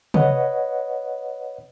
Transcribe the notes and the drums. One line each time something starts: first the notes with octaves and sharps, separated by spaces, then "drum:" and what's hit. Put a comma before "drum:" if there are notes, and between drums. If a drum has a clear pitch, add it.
B4 C#5 D#5 F#5, drum: tom C3